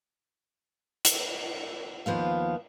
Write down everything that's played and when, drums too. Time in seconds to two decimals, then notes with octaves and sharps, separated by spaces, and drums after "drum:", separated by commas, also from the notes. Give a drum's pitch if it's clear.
1.05 drum: hi-hat
2.06 D#2 F3 B3 F5